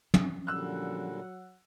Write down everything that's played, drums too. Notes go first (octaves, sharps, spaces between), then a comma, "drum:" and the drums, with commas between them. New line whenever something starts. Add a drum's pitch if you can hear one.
F3 C#4, drum: tom
A#2 D3 F#3 G3 F#5 E6 F#6